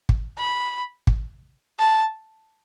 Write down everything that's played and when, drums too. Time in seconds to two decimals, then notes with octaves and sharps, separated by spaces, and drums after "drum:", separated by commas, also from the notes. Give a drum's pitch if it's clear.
0.09 drum: kick
0.38 B5
1.07 drum: kick
1.79 A5